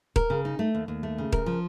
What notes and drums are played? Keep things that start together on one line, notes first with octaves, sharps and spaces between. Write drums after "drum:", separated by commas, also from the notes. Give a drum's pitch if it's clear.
A#4, drum: kick D#1
C#3
D#4
A3
D#2
D#2
A3
C#3
A#4, drum: kick D#1
F3